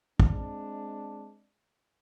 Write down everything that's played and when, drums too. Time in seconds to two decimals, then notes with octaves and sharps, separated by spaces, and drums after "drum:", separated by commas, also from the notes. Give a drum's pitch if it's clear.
0.20 G#3 C4 D4, drum: kick